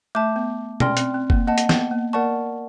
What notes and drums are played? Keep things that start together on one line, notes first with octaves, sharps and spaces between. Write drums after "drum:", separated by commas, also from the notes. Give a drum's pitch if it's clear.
A3 E5 A5 D6 G6
B3
C#4 D5 G5 C6 F6, drum: tom B2
C4, drum: hi-hat
C4
A#3, drum: kick F#1
A#3 D#5 F#5 A5
drum: hi-hat
B3, drum: snare
A#3
A#3 A#4 D5 F#5 A5 C#6